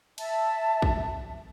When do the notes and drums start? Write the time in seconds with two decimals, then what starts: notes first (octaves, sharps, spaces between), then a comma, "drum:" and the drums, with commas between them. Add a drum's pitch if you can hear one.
0.18 E5 A5, drum: cymbal
0.82 drum: kick